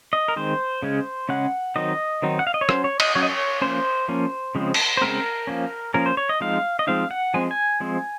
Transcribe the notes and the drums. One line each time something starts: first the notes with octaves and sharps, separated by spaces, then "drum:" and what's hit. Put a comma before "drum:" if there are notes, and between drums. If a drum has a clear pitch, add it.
D#5
A#4
D#3 G#3 C4 C5
C#3 G#3 C#4
C#3 G#3 C#4 F#5
D#3 F#3 C4 D#4 D#5
D#3 F#3 C4 D#4
F#5
F5
D#5
C#5
F#3 C#4 C5, drum: rim click
C#5
D#5, drum: cymbal
F#3 C#4 C#5
D#5
C#5
F3 A#3 C#4 C5
F3 A#3 C#4
C#3 F3 G#3 C4
drum: cymbal
C5
C#3 F3 G#3 C4 A#4
F3 A#3 C#4
F3 A#3 C#4 A#4
C5
C#5
D#5
F3 G#3 C4 D#4 F5
D#5
F3 G#3 C4 D#4 F5
F#5
F3 G#3 C4 G#5
G#5
F3 G#3 C4